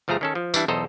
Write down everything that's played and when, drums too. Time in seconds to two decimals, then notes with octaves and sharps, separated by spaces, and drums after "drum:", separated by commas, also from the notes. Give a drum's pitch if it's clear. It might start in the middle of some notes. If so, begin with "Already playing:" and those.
0.08 G1 F3 A3 G#4 A#5
0.21 D#3 C#4 A4
0.35 F3
0.54 E3 G3 D4 E4, drum: tambourine
0.68 B1 E2 A4 C5 D#5 A#5